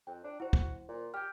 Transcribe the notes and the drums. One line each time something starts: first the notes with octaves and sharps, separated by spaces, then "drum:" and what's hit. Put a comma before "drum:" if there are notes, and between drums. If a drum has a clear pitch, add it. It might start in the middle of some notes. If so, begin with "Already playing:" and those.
F2 G5
D4
E4 F#4 C5
drum: kick
A#2
G4 F6 G6